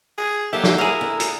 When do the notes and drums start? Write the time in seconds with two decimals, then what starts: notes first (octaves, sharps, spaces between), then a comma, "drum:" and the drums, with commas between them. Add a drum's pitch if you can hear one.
0.18 G#4
0.53 F#3 A#3 G4 A4 E5
0.64 drum: snare
0.78 E4 G#4 A#4
1.01 D3
1.20 drum: hi-hat